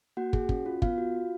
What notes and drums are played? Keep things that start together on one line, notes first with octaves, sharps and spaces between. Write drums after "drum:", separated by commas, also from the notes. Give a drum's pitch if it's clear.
A#3 F#4 F#5
G#4, drum: kick
C#4, drum: kick
F4
B3 F4 F5, drum: kick
F#4
F#4